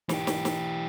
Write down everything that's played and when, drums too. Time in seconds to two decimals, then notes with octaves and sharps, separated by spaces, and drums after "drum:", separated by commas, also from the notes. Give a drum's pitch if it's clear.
0.09 E3 G4, drum: snare
0.27 drum: snare
0.45 drum: snare